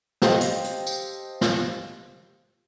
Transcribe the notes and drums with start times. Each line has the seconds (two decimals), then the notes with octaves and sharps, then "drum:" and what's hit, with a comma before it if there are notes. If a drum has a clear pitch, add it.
0.22 G4 A4 C5 D#5 F5 G5, drum: snare
0.41 drum: hi-hat
0.64 drum: hi-hat
0.87 drum: tambourine
1.41 drum: snare